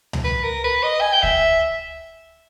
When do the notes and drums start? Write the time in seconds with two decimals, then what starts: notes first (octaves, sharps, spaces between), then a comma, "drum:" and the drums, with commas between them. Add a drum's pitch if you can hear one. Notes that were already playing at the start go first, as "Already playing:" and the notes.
0.13 drum: tom C#2
0.24 B4
0.44 A#4
0.64 B4
0.83 D#5
1.01 G#5
1.12 G5
1.23 E5, drum: kick